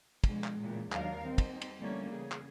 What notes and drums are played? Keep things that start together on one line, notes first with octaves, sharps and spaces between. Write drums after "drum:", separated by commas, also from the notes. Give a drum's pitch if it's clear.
B2 D3 F3 G#3, drum: kick, cymbal
drum: clap
A#2 C#3 E3
D#2 F#3 D4 D#4 A#4 F5, drum: clap
G3 C4 D#4
drum: kick, cymbal
drum: cymbal
D3 E3 G3 A3 A#3 C#4
C#3 G#4
drum: clap